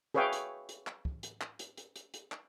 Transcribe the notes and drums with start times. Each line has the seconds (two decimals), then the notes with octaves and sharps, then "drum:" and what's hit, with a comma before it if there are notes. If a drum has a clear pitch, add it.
0.15 G#4 B4 C#5 E5 F5 G5
0.33 drum: hi-hat
0.69 drum: hi-hat
0.87 drum: clap
1.05 drum: kick
1.23 drum: hi-hat
1.41 drum: clap
1.59 drum: hi-hat
1.77 drum: hi-hat
1.96 drum: hi-hat
2.14 drum: hi-hat
2.32 drum: clap